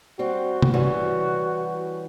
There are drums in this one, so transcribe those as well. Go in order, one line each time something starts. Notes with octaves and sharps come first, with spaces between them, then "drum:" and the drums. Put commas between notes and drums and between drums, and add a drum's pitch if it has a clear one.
G3 C4 F#4
drum: tom C3
E3 G3 C#4 F#4